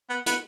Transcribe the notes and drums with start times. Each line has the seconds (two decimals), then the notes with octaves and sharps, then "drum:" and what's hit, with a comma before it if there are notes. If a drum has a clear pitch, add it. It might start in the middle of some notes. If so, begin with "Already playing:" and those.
0.09 B3
0.26 B3, drum: hi-hat